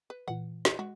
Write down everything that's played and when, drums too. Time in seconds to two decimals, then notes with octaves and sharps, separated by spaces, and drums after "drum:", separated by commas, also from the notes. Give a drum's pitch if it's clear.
0.10 B4
0.28 A#2 E3 F#5
0.65 D#4 C5, drum: snare
0.79 G#3 F#4